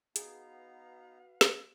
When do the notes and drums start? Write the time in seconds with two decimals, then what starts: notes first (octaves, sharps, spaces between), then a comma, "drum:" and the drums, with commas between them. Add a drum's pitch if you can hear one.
0.16 B3 D#4 F#4 G#4 B4 F5 A#5, drum: hi-hat
1.41 drum: snare